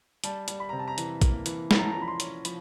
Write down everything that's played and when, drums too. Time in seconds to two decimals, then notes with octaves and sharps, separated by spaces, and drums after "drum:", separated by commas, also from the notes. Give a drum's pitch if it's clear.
0.24 G3 A5, drum: hi-hat
0.48 G3, drum: hi-hat
0.60 B5
0.69 C3 A#5
0.79 A5
0.88 A#5
0.98 E3, drum: hi-hat
1.22 A#3, drum: kick, hi-hat
1.46 E3, drum: hi-hat
1.71 C#4 B5, drum: snare
1.78 A#5
1.85 A5
1.92 F3 A#5
2.02 B5
2.08 C6
2.20 C#4, drum: hi-hat
2.45 F3 B5, drum: hi-hat